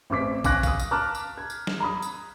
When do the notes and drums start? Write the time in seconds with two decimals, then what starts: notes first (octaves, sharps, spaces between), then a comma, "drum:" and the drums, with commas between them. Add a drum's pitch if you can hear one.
0.10 A1 C4 D6 B6
0.44 F5 G#5 C#6 D6 F#6 A#6, drum: kick, tambourine
0.63 F5 D#6, drum: kick, tambourine
0.80 drum: tambourine
0.91 A5 A#5 D6 F6 F#6
1.15 drum: tambourine
1.38 G#6
1.50 drum: tambourine
1.67 drum: snare
1.80 A#5 B5 D#6
2.02 drum: tambourine